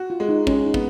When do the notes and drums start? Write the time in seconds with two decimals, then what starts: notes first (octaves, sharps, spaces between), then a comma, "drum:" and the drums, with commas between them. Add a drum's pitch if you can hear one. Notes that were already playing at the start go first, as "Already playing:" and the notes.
Already playing: F#4
0.10 F4
0.20 G#3
0.29 D#4
0.47 G#3 C#4, drum: kick
0.65 D#4
0.74 B3, drum: kick